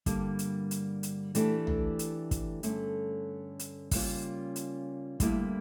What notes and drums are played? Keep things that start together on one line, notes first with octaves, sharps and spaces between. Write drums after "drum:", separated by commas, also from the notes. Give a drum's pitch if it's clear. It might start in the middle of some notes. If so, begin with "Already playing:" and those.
G2 D3 G3 A#3, drum: kick, hi-hat
drum: hi-hat
drum: hi-hat
drum: hi-hat
E3 A3 D4 G4, drum: hi-hat
drum: tom
drum: hi-hat
drum: kick, hi-hat
G2 D3 A3 C#4, drum: hi-hat
drum: hi-hat
C#3 G3 A#3 C#4 F4, drum: kick, open hi-hat
drum: hi-hat
D2 D3 G3 A#3 E4, drum: kick, hi-hat